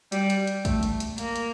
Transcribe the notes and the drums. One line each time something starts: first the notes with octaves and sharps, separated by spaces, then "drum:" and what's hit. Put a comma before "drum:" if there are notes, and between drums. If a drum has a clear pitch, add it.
G3, drum: hi-hat
drum: hi-hat
drum: hi-hat
A3, drum: kick, hi-hat
drum: hi-hat
drum: hi-hat
A#3, drum: hi-hat
drum: hi-hat